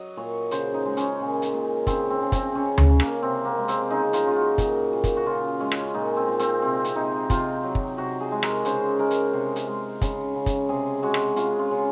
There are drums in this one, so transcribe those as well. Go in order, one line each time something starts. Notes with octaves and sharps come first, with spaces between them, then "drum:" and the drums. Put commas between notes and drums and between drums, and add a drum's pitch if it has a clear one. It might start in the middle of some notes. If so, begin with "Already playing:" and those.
Already playing: F#3 D#5
A#2 C#5
C#3 C5, drum: hi-hat
D#4
G#3
C#4, drum: hi-hat
A#2
drum: hi-hat
A#2
C#3 C4, drum: kick, hi-hat
C4
C#3
C4, drum: kick, hi-hat
C#3 C#4
drum: tom D2
C#3
A#3, drum: rim click
C3 C4
A#3
G#3
C4, drum: hi-hat
C#3 D#4
F4, drum: hi-hat
C#3 F4
F#4
A#2, drum: kick, hi-hat
A#2
drum: kick, hi-hat
F#4
C#3 F4
G#3 C#4
drum: rim click
A#2 D#4
C4
A#2
C4, drum: hi-hat
C3 C4
drum: hi-hat
C3 D#4
C3 F4, drum: kick, hi-hat
F#3
drum: kick
C3 F#4
G#4
G#3
A#4, drum: rim click
C#3 C5, drum: hi-hat
G#3 A#4
drum: hi-hat
C3
drum: hi-hat
G#3
C#3, drum: kick, hi-hat
C#3
drum: kick, hi-hat
C3 G#4
G#3 F#4
drum: rim click
C#3 F4, drum: hi-hat
F4
C#3